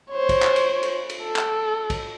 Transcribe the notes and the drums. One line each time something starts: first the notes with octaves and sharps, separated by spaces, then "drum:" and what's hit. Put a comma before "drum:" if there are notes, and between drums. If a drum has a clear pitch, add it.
C5 C#5
drum: kick, cymbal
drum: clap
drum: cymbal
drum: cymbal
drum: cymbal
A4
drum: clap
drum: kick, cymbal